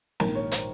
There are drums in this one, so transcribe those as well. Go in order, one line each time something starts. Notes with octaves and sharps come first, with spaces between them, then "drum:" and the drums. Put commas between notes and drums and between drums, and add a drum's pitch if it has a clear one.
A#1 G#2 D#3 A#4, drum: snare
C#5
C5, drum: hi-hat